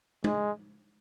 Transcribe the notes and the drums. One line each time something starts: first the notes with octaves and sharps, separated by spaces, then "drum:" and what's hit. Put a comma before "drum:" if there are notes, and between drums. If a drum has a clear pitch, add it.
G#3, drum: tom